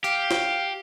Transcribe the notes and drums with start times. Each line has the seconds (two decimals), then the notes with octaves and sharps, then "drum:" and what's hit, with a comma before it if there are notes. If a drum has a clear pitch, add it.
0.04 G4 F5, drum: tambourine
0.31 drum: snare